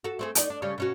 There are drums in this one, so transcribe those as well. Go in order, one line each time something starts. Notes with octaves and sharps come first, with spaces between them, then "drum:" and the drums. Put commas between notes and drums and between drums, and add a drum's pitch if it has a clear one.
F#4 A4
A3 C4 G#4
D#4 D5, drum: hi-hat
D4
C#3 G3 C#4
B2 C#4 F#4